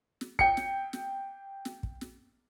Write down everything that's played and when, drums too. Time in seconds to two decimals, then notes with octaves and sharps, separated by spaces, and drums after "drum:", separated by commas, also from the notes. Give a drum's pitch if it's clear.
0.21 drum: snare
0.39 G5 C#7, drum: kick
0.57 drum: snare
0.93 drum: snare
1.65 drum: snare
1.83 drum: kick
2.01 drum: snare